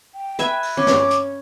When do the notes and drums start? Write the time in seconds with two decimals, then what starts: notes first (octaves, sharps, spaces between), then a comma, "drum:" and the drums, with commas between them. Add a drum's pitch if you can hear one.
0.15 G5
0.39 B4 E5 G#5, drum: hi-hat
0.63 drum: open hi-hat
0.77 C#4 D6
0.87 drum: snare
1.11 drum: hi-hat